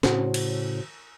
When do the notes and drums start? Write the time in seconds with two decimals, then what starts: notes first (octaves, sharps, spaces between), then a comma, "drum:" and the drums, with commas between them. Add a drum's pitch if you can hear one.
0.03 A2 C#3 F#4 C5, drum: snare C#4
0.34 drum: cymbal